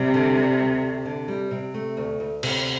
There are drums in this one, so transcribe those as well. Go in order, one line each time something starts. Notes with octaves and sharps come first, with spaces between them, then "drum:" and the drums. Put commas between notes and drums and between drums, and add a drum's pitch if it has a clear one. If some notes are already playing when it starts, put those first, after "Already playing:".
Already playing: C3 G3
D3
G3
D2
D2
D3
G3
C3
A3
D2
D2
C3, drum: cymbal